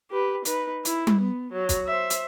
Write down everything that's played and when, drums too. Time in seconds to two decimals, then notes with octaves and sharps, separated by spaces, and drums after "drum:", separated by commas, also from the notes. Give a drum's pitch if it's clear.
0.10 G4 B4
0.45 D#4 B4, drum: hi-hat
0.85 E4, drum: hi-hat
1.07 drum: tom G3
1.21 B3
1.53 F#3
1.69 drum: kick, hi-hat
1.87 C5 E5
2.10 drum: hi-hat